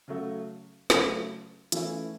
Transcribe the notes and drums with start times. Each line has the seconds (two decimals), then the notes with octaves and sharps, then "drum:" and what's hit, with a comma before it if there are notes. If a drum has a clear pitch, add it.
0.08 C#3 F#3 A3
0.90 C#3 F#3 A3, drum: snare
1.72 E3 A3 C#4 E4, drum: hi-hat